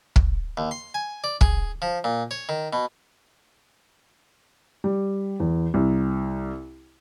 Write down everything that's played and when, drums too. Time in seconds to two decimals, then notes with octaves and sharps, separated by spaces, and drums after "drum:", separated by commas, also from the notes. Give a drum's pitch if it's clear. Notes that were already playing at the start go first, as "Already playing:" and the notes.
0.16 drum: kick
0.57 D#2
0.71 C6
0.94 G#5
1.24 D5
1.41 G#4, drum: kick
1.82 F3
2.04 A#2
2.31 C#5
2.49 D#3
2.73 B2
4.84 G3
5.40 E2
5.74 C2